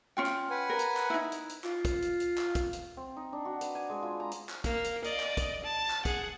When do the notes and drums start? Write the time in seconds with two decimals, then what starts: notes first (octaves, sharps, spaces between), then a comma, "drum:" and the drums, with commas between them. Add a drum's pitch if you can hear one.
0.17 C#4 F4 G5
0.26 drum: clap
0.50 B4 F#5 G#5
0.69 A#4
0.79 drum: hi-hat
0.97 drum: clap
1.10 D#4 E4
1.32 drum: hi-hat
1.49 drum: hi-hat
1.64 F4, drum: clap
1.85 drum: kick, hi-hat
2.02 drum: hi-hat
2.20 drum: hi-hat
2.38 drum: clap
2.55 drum: kick, hi-hat
2.73 drum: hi-hat
2.97 C4
3.16 D#4
3.33 D4
3.45 F#4
3.61 B4, drum: hi-hat
3.75 G#5
3.89 G#3
4.03 F4
4.20 A#5
4.32 drum: hi-hat
4.49 drum: clap
4.64 A#3, drum: kick, hi-hat
4.84 drum: hi-hat
5.04 D5 D#5, drum: hi-hat
5.20 drum: clap
5.37 drum: kick, hi-hat
5.64 A5
5.90 drum: clap
6.05 G#4 F#5, drum: kick, hi-hat